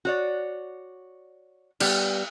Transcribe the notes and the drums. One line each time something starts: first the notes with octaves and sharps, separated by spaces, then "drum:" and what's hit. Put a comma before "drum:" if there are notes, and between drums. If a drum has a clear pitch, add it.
F#4 C#5 D5
G3 B3 G4, drum: cymbal